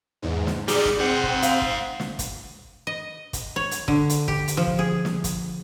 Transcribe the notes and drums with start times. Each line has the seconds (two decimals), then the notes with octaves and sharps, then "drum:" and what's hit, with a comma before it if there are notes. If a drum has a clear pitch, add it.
0.22 E2 G#2
0.47 drum: snare
0.68 G3 D#4 G#4 D5 C#7, drum: hi-hat
0.85 drum: kick
1.00 C4 C5 F#5
1.23 drum: kick
1.42 F5, drum: hi-hat
1.61 drum: kick
2.00 drum: snare
2.19 drum: kick, hi-hat
2.87 D#5
3.33 drum: kick, hi-hat
3.56 C#5
3.71 drum: hi-hat
3.88 D3, drum: kick
4.09 drum: hi-hat
4.28 G4, drum: kick
4.48 drum: hi-hat
4.57 F3
4.67 drum: kick
4.79 G#4
5.05 drum: snare
5.24 drum: kick, hi-hat